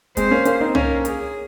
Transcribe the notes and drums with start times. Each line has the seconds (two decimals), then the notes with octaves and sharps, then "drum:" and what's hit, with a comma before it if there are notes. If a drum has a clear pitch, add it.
0.17 G#3 C4 C5, drum: kick, hi-hat
0.31 A#3 C#4
0.45 A#3 C#4, drum: hi-hat
0.61 C4 D#4
0.75 A#3 C#4 A#4, drum: tom
1.05 G#4, drum: hi-hat